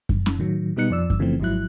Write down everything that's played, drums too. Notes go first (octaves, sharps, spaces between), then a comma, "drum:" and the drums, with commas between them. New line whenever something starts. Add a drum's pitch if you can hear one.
drum: kick F#2
drum: snare C#4
A2 D#3 F#3
B2 G3 B3 D#4 F#6 C#7
F2 F3 D5 E6
drum: kick F#2
C#3 E3 F3 A3 C4
G#1 G#2 F3 F#3 E4 F#6